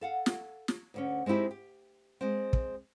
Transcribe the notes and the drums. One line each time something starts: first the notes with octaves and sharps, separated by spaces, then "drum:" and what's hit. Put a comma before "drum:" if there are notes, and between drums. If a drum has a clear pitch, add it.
A4 F5 F#5
drum: snare
drum: snare
D2 D3 C#4
G#3 C4 D#4 E4 G4
G4
G#3 C4
drum: kick